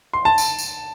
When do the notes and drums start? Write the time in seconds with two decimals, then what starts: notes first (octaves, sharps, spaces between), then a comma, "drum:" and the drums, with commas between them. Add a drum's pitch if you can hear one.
0.13 C6
0.25 A5
0.38 drum: tambourine
0.59 drum: tambourine